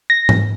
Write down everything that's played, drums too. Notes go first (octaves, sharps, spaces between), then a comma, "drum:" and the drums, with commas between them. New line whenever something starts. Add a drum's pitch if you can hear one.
A#6
drum: tom G#2